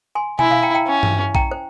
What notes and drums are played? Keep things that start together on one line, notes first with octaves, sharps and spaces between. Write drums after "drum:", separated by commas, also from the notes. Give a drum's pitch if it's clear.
G#5 C6
E4 G#5 C6, drum: tom B2
F5 G#5
G5 A#5
G5 A#5
C#4
drum: tom G2
G5 A#5, drum: kick A#1
C5